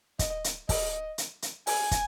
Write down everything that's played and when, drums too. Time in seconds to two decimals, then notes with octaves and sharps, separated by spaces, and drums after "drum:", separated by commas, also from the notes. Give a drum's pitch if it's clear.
0.19 D#5, drum: kick, hi-hat
0.44 drum: hi-hat
0.69 D#5, drum: kick, open hi-hat
1.18 drum: hi-hat
1.42 drum: hi-hat
1.67 G#5, drum: open hi-hat
1.91 drum: kick, hi-hat